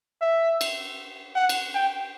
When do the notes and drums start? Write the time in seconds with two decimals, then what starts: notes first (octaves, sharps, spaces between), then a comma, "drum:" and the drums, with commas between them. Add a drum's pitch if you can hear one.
0.21 E5
0.61 drum: cymbal
1.36 F#5
1.49 drum: cymbal
1.75 G5